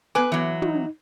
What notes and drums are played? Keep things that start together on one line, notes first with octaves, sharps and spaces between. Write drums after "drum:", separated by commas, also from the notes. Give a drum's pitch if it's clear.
B3 B4 G#5 D6
E3 F#3
D#4, drum: tom